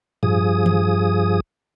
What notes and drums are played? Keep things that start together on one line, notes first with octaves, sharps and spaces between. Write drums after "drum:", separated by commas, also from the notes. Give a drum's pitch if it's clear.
G2 F3 G#4 D#6, drum: tom A2
drum: tom D#3